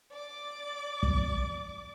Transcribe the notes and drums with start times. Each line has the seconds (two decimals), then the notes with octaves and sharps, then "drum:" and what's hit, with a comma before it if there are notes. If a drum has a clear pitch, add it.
0.12 D5 D6
1.03 drum: kick